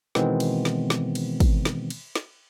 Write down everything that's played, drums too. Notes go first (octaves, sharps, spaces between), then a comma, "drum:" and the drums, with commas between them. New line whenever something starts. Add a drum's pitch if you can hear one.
B2 D#3 E3 G#3 B3 C4, drum: snare
drum: cymbal
drum: snare
drum: snare
drum: cymbal
drum: kick, cymbal
drum: snare
drum: cymbal
drum: snare